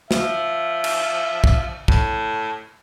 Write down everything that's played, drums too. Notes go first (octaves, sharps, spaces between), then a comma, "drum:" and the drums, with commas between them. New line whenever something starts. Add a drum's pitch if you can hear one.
F3 E5, drum: snare
drum: cymbal
drum: kick
A2, drum: kick